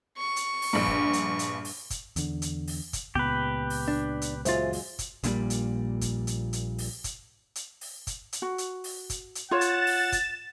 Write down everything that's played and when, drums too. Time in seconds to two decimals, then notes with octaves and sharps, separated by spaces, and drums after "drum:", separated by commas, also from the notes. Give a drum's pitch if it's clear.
0.18 C#6
0.36 drum: hi-hat
0.62 drum: open hi-hat
0.73 A#1 G2
0.88 drum: kick
1.13 drum: hi-hat
1.39 drum: hi-hat
1.65 drum: open hi-hat
1.90 drum: kick, hi-hat
2.16 E2 D3, drum: hi-hat
2.42 drum: hi-hat
2.67 drum: open hi-hat
2.93 drum: kick, hi-hat
3.15 C#2 A#2 B3 G4 B4
3.70 drum: open hi-hat
3.88 D4
4.22 drum: hi-hat
4.45 F#2 G#3 F4 C5 E5 A6, drum: hi-hat
4.73 drum: open hi-hat
4.99 drum: kick, hi-hat
5.23 A#1 A#2 D3 G3, drum: hi-hat
5.50 drum: hi-hat
6.01 drum: kick, hi-hat
6.27 drum: hi-hat
6.53 drum: hi-hat
6.78 drum: open hi-hat
7.04 drum: kick, hi-hat
7.55 drum: hi-hat
7.81 drum: open hi-hat
8.07 drum: kick, hi-hat
8.33 drum: hi-hat
8.42 F#4
8.58 drum: hi-hat
8.84 drum: open hi-hat
9.10 drum: kick, hi-hat
9.35 drum: hi-hat
9.51 F4 C#5 F#5 A6 E7
9.61 drum: hi-hat
9.87 drum: open hi-hat
10.12 drum: kick, hi-hat